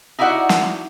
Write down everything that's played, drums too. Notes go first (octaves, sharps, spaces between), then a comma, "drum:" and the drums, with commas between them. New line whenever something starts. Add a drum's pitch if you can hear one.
D#4 E4 F#4 D5 F#5
drum: snare